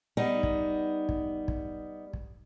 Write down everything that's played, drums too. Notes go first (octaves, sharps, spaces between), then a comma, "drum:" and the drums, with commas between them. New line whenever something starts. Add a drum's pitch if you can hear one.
G3 B3 D#4 D#5
drum: kick
drum: kick
drum: kick
drum: kick